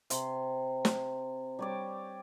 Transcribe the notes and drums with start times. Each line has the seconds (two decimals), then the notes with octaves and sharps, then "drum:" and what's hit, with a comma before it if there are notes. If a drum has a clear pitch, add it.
0.10 C3 C6, drum: hi-hat
0.85 drum: snare
1.59 G3 C#5 D5